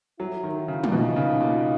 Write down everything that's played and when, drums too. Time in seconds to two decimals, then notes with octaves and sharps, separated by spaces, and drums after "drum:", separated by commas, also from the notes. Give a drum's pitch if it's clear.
0.19 F#3 E4
0.43 D#3
0.68 C#3
0.84 A#2, drum: tom
0.92 B2 D#4
1.16 C#3
1.41 A#2